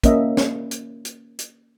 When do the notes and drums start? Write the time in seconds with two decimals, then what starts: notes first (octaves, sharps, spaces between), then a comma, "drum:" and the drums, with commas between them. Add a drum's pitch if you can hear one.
0.04 A#3 C#4 D#5 E5, drum: kick, hi-hat
0.37 drum: snare
0.71 drum: hi-hat
1.05 drum: hi-hat
1.39 drum: hi-hat